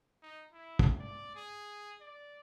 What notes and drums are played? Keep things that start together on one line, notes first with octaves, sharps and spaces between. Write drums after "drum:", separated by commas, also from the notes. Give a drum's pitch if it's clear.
D#4
E4
drum: kick
D5
G#4
D5